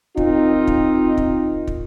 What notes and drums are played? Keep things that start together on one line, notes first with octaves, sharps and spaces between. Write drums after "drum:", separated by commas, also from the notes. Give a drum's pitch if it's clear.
D#3 C4 D#4 F4, drum: kick
drum: kick
drum: kick
drum: kick